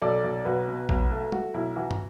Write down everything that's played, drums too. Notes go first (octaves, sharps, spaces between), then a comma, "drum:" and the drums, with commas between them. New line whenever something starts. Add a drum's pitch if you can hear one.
B1 A4 D5
B1
B1 F#4 B4
B2
B1, drum: kick A#1
A3
A3 F#4, drum: tom
B1 E4
E3 F#4
drum: tom